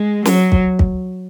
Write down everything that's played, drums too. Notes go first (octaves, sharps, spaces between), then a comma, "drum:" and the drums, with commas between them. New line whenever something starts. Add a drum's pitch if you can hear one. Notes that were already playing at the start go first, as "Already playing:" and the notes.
Already playing: G#3
F#3, drum: snare
drum: kick
drum: kick